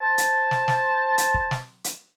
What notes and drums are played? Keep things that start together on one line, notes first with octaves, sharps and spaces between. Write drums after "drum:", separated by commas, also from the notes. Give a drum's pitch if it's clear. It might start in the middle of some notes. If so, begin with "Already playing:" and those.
C5 A5
drum: hi-hat
drum: snare
drum: snare
drum: hi-hat
drum: kick
drum: snare
drum: hi-hat